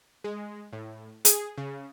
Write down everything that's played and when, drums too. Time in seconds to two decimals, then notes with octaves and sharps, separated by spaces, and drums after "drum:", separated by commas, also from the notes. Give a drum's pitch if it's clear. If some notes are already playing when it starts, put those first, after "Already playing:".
0.24 G#3
0.73 A2
1.25 G#4, drum: hi-hat
1.58 C#3